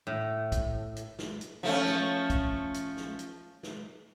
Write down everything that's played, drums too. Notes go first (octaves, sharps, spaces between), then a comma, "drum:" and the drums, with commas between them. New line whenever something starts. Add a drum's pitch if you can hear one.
A2
drum: kick, hi-hat
drum: hi-hat
drum: snare
drum: hi-hat
F3 A3 C#4
drum: snare
drum: kick, hi-hat
drum: hi-hat
drum: snare
drum: hi-hat
drum: snare